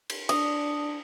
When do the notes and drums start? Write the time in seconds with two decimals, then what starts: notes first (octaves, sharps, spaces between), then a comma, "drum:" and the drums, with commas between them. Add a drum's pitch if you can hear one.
0.10 drum: cymbal
0.29 D4 D#6, drum: cymbal